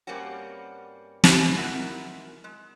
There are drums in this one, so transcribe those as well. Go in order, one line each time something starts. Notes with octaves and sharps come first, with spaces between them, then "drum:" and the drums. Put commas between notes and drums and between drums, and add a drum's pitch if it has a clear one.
G2 G3 A#3 C4 C#4 F#4
drum: snare
G#3 D#4 E4 F#4 A#4 E5
G#3